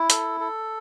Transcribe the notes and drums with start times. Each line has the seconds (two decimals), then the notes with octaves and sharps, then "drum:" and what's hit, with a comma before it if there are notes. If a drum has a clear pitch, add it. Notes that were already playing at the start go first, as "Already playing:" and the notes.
Already playing: E4
0.10 A4, drum: hi-hat
0.40 A4